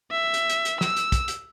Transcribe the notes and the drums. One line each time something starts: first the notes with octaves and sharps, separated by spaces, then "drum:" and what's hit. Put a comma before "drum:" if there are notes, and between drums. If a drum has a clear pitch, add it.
E5
drum: hi-hat
drum: hi-hat
drum: hi-hat
E6, drum: snare
drum: hi-hat
drum: kick, hi-hat
drum: hi-hat